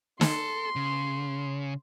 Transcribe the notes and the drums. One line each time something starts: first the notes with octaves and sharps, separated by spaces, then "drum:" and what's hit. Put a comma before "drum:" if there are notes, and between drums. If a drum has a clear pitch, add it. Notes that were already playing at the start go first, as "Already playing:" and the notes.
A4 C6, drum: snare
C#3